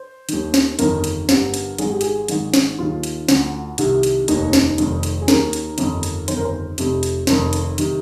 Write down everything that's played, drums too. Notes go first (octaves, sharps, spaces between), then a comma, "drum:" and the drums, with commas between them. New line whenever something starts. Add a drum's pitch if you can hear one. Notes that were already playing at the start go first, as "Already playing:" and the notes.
Already playing: C5
D#2 D#3, drum: hi-hat
drum: snare
G1 F2 D#3 A#4, drum: hi-hat
drum: hi-hat
G1 G2 D3, drum: snare
drum: hi-hat
G#1 G#2 D#3 G#4, drum: hi-hat
G4
G#4, drum: hi-hat
G#1 G#2 D#3, drum: hi-hat
drum: snare
D#2 D#3 F4
drum: hi-hat
D2 D3, drum: snare
C2 C3 D#3, drum: hi-hat
drum: hi-hat
F1 D#2 D#3 D#4, drum: hi-hat
drum: snare
F1 F2 D#3, drum: hi-hat
drum: hi-hat
G#4
D#2 D#3 A#4, drum: snare
drum: hi-hat
G1 F2 D#3, drum: hi-hat
drum: hi-hat
G1 F2 D#3 C5, drum: hi-hat
A#4
C5
F1 F2 C3, drum: hi-hat
drum: hi-hat
F1 F2 D#3 A#4, drum: snare
drum: hi-hat
C3 D#3, drum: hi-hat